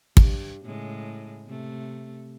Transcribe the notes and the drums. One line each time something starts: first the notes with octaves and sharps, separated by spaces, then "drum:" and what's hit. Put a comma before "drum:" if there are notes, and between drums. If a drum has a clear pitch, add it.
G2, drum: kick
A2 C#3 G#3
C3 A3